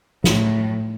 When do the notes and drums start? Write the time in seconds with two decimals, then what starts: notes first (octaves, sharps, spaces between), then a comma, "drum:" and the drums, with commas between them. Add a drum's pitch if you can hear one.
0.24 A2, drum: snare